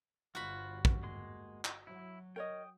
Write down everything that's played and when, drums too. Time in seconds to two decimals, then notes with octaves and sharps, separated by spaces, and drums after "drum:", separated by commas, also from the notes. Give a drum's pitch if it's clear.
0.35 G1 G3 F4 F#4 C5 B5
0.85 drum: kick
1.03 G#3 A#3 C6
1.65 drum: clap
1.87 F#3 E4
2.36 A#4 C#5 D#5 G5 D#6